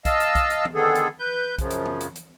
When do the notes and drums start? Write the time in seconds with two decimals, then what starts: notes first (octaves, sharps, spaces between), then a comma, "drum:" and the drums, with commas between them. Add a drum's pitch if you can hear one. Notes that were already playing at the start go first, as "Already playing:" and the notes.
0.05 D#5 F5 A5 E6, drum: kick, hi-hat
0.20 drum: hi-hat
0.35 drum: kick, hi-hat
0.50 drum: hi-hat
0.65 drum: tom E3
0.75 D3 D#3 B3 G#4 A4
0.95 drum: hi-hat
1.19 B4 G6
1.58 F#2 C#3 F3, drum: kick, hi-hat
1.71 drum: hi-hat
1.86 drum: tom E3
2.01 drum: hi-hat
2.16 drum: hi-hat